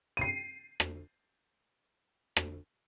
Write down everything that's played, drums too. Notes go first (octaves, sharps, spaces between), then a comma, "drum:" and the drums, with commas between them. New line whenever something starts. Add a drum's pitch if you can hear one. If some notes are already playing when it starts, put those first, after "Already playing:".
C7 D#7
drum: rim click
drum: rim click